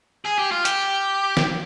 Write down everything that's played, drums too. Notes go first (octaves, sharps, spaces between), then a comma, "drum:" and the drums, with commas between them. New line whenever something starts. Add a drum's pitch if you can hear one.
G#4
G4
F4
G4, drum: hi-hat
drum: snare